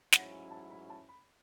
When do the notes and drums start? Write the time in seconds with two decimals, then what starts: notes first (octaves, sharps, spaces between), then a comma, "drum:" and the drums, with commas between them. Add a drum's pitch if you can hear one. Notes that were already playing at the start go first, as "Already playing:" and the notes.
0.13 A1 G#2 F#3 C#4 E4 F#5, drum: snare
0.31 G#5
0.51 A5
0.71 B5
0.90 A5
1.09 B5